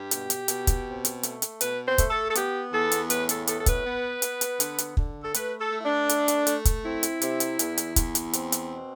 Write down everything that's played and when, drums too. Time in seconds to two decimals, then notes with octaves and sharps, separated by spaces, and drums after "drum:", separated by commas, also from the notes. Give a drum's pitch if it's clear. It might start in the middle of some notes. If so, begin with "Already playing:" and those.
Already playing: G2 G4
0.11 B2, drum: hi-hat
0.30 drum: hi-hat
0.48 B2, drum: hi-hat
0.67 drum: kick, hi-hat
0.86 C4
1.05 drum: hi-hat
1.23 A3, drum: hi-hat
1.42 drum: hi-hat
1.61 B2 B4, drum: hi-hat
1.86 C5
1.98 A3, drum: kick, hi-hat
2.10 A4
2.29 A4
2.35 B3 G4, drum: hi-hat
2.72 E2 A4
2.92 drum: hi-hat
3.10 A2 B4, drum: hi-hat
3.29 A4, drum: hi-hat
3.47 B3 A4, drum: hi-hat
3.58 A4
3.66 B4, drum: kick, hi-hat
3.86 B3
4.22 B3, drum: hi-hat
4.41 drum: hi-hat
4.60 D3, drum: hi-hat
4.78 drum: hi-hat
4.97 D3, drum: kick
5.23 A4
5.34 A3 B4, drum: hi-hat
5.60 A4
5.72 A3
5.79 E4
5.84 D4
6.09 A3, drum: hi-hat
6.28 drum: hi-hat
6.47 A3, drum: hi-hat
6.65 drum: kick, hi-hat
6.83 C4 E4
7.03 drum: hi-hat
7.22 C3, drum: hi-hat
7.40 drum: hi-hat
7.59 E2, drum: hi-hat
7.78 drum: hi-hat
7.96 E2, drum: kick, hi-hat
8.15 drum: hi-hat
8.33 C4, drum: hi-hat
8.52 drum: hi-hat
8.71 B2